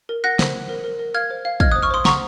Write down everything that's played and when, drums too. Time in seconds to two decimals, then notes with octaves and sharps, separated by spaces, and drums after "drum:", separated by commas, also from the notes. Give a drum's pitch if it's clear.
0.09 A#4
0.24 F#5 F#6 A#6
0.39 C5, drum: snare
0.55 C5
0.69 A#4
0.84 A#4
0.99 A#4
1.14 F5 F6 G#6
1.30 C5
1.45 F5
1.60 D#5 F6 G#6, drum: kick
1.71 D#6 F#6
1.75 C5
1.83 C#6 F6
1.91 C5 C6 D#6
2.05 F#5 A#5 C#6, drum: snare